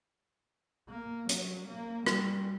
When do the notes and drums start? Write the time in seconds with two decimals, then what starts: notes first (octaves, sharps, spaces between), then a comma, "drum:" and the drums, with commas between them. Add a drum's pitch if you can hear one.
0.89 A#3
1.29 F#3, drum: hi-hat
1.68 A#3
2.06 G3, drum: rim click